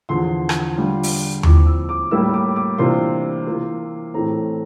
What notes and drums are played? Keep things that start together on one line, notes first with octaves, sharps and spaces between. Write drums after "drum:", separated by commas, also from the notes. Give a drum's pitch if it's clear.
E2 D3 F3 C6
drum: rim click
D3 G3 D4 F4
drum: open hi-hat
A#2 F3 C4 E4 D6, drum: tom D#2
E6
D6
A2 G3 A#3 E4 E6
D6
D6
C3 E3 A#3 D4 F4 C6
E3 A#3 F4
A2 E3 A3 C4 A#5